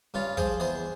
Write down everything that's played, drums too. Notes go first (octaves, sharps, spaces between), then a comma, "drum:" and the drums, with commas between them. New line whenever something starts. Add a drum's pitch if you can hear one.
G2 C#4 F4
F3 G#4 C5, drum: kick
E2 G#4 C5